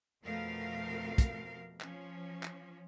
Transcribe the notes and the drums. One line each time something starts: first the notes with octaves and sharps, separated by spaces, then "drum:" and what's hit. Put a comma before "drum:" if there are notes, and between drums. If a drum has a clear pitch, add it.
F2 B2 F3 A3 A#4 F5
drum: kick, hi-hat
F3 C#4, drum: clap
drum: clap